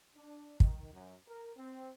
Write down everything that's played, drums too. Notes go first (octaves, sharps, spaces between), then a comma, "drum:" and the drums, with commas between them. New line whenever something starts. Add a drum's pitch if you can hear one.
D4
D#3, drum: kick
F#2
A#4
C4